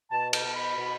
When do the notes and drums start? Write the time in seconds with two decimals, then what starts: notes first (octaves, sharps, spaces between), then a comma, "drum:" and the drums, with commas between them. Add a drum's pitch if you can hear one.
0.11 B2 A5
0.33 A5, drum: cymbal
0.45 B2
0.56 B5
0.78 B2